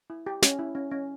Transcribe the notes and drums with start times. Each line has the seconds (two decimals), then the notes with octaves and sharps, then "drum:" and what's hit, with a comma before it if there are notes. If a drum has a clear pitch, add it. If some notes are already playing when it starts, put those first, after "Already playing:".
0.10 E4
0.26 G4
0.42 C#4, drum: snare
0.59 E4
0.75 C#4
0.91 C#4